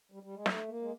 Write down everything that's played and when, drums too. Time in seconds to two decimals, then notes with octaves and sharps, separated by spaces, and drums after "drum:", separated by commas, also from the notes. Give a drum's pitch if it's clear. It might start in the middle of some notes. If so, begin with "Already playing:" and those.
0.12 G3
0.23 G3
0.35 G#3
0.46 A3, drum: snare
0.68 A#3
0.82 G#3